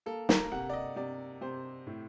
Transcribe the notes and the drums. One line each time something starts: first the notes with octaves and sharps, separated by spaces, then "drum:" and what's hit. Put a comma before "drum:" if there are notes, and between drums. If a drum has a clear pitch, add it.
A#3 A4
A#4, drum: snare
C3 F#5
D5
D#5
C3 D5
C3 C5
A2